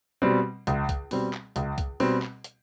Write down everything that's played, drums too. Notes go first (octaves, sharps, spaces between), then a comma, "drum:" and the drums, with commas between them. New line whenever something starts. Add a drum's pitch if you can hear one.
B2 G3 C4
C#2, drum: hi-hat
drum: kick, hi-hat
B2 G3 C4, drum: open hi-hat
drum: clap
C#2, drum: hi-hat
drum: kick, hi-hat
B2 G3 C4, drum: open hi-hat
drum: clap
drum: hi-hat